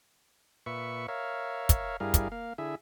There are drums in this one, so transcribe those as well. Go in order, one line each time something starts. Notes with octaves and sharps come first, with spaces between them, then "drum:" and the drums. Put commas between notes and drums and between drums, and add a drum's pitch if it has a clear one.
A#2 B4 E5 C#6
A#4 C#5 E5 F5
drum: kick, hi-hat
G2 G3 E4 G#4 A#4 F5
drum: kick, hi-hat
A#3 F5
D3 E4 G#4 E5